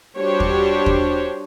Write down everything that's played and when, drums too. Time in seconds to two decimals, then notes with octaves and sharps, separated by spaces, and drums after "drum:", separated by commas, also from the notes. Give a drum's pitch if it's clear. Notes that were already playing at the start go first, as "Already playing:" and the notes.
0.17 G3 D4 F#4 G4 C5 C#5
0.40 drum: kick
0.86 drum: kick